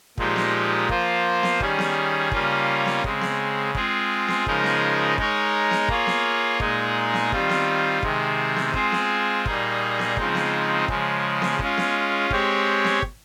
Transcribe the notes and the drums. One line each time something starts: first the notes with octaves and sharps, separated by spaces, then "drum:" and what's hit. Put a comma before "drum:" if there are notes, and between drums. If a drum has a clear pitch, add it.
A#2 F3 G#3 D#4 G4, drum: kick
drum: snare B3
F3 A#3 F4 C5, drum: kick
drum: snare B3
D#3 G3 C#4 G#4, drum: kick
drum: snare B3
C#3 G3 A#3 C#4 F4, drum: kick
drum: snare B3
C#3 G#3 C4, drum: kick
drum: snare B3
G#3 C4 F4 G#4, drum: kick
drum: snare B3
C#3 F3 G#3 D#4 A#4, drum: kick
drum: snare B3
G#3 D#4 A#4 C#5, drum: kick
drum: snare B3
A#3 F4 G#4 C#5, drum: kick
drum: snare B3
A#2 G#3 D#4 G#4, drum: kick
drum: snare B3
D#3 G3 C4 F4, drum: kick
drum: snare B3
C3 D#3 G#3 C4, drum: kick
drum: snare B3
G#3 C4 F4 G#4 C5, drum: kick
drum: snare B3
A#2 G3 A#3 D#4 G#4, drum: kick
drum: snare B3
C#3 F3 G#3 C4 D#4, drum: kick
drum: snare B3
C#3 F3 G#3, drum: kick
drum: snare B3
G#3 C#4 F4, drum: kick
drum: snare B3
G#3 C4 G4 C#5, drum: kick
drum: snare B3
drum: kick